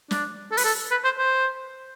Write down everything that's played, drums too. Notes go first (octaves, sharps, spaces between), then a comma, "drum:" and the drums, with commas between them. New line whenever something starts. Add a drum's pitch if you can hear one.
D4, drum: snare
A4
B4, drum: open hi-hat
A4
B4
C5
C5